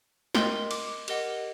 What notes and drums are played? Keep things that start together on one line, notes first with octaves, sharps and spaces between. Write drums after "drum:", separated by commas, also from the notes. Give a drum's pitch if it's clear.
A#4 D#5 G5 C6, drum: snare
D6, drum: cymbal
G4 A#4 D#5 F#5, drum: cymbal